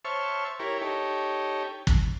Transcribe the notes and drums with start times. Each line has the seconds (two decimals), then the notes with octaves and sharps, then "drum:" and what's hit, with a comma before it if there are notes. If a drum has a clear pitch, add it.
0.05 C5 C#5 E5 A5 C#6 F6
0.59 E4 G4 A#4 C#5
0.81 D#4 G4 A4 C#5
1.87 drum: kick